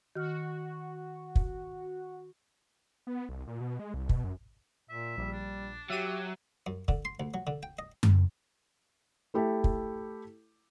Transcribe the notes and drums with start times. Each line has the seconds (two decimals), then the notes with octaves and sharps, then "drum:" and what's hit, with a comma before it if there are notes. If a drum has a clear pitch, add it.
0.16 D#3 F#4 F6
1.35 drum: kick
3.07 B3
3.29 C2
3.47 A#2
3.60 B2
3.79 G#3
3.94 C2
4.09 B2, drum: kick
4.24 F#2
4.90 A#2 E5
5.17 A#1 G3
5.33 D4
5.90 F#3 G4 E5 D#7
6.67 F#2
6.88 D3, drum: kick
7.05 C6
7.20 D2
7.34 F#3
7.47 D3
7.63 G5
7.79 D#5
8.03 drum: tom F#2
9.34 A3 E4 G4 A4
9.64 drum: kick